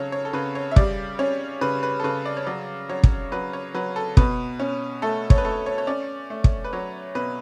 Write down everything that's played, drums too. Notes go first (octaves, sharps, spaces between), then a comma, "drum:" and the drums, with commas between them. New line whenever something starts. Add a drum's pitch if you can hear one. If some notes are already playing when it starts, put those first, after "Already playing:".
Already playing: C#3 F#3 A4 C#5
C#5
A4
C#3 B4
C#5
E5
G3 D5, drum: kick
C#4 C#5
C#3 B4
B4
A4
C#3 B4
D5
C#5
F#3 D5
F#3 C#5
drum: kick
F#3 B4
C#5
F#3 B4
A4
B2 B4, drum: kick
C#4
A3 A4
C#5, drum: kick
B4
A3 A4
C#5
C#5
C#4 D5
A3
drum: kick
B4
F#3 C#5
B2 B4